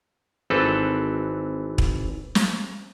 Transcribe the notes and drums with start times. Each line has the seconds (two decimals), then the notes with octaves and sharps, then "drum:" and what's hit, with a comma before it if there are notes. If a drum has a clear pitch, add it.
0.50 G#1 E3 C4 A4 B4
1.78 drum: kick
2.35 drum: snare